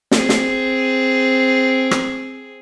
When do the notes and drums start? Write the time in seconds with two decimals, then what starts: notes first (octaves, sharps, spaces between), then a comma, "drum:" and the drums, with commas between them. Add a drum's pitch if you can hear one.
0.11 C4 G#4, drum: snare
0.29 drum: snare
1.91 drum: rim click